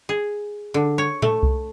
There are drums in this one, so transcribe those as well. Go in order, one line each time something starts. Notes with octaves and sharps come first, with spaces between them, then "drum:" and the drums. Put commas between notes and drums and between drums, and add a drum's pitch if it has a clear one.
G#4
D3
C#5
A3, drum: tom A2
drum: kick C2